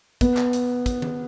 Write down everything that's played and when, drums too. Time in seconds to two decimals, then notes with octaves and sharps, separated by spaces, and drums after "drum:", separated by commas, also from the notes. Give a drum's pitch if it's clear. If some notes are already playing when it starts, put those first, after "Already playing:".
0.21 B3, drum: kick, hi-hat
0.37 drum: clap
0.53 drum: hi-hat
0.86 drum: kick, hi-hat
1.02 drum: tom D#3